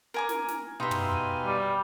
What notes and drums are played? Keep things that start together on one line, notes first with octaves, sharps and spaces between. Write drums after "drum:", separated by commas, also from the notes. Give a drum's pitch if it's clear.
A#4 G#5 D6
drum: snare
drum: snare
B2 D#4 G4 E5 F5 C6
drum: tom
G#5
G3